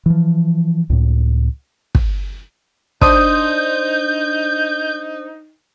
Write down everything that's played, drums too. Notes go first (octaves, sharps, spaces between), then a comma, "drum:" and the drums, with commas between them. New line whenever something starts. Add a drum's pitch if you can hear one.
E3 F3
C#2 A2
drum: kick
D4 D#4 C5 D#6 G6, drum: kick